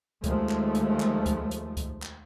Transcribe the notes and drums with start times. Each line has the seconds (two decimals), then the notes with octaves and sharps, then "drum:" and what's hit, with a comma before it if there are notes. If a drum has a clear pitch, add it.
0.24 D#2 F3 G#3 A3, drum: kick C#2, hi-hat
0.49 drum: clap
0.75 drum: hi-hat
1.00 drum: clap
1.26 drum: kick C#2, hi-hat
1.51 drum: hi-hat
1.77 drum: kick C#2, hi-hat
2.02 drum: clap